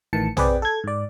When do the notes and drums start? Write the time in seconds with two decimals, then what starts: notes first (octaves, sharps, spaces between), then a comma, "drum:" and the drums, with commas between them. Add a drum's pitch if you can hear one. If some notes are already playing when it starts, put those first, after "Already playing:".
0.13 A1 A2 D#3 E3 A5 C#7
0.37 C4 G#4 B4 D5 G5, drum: tom
0.62 A4 G#6
0.84 G#2 D5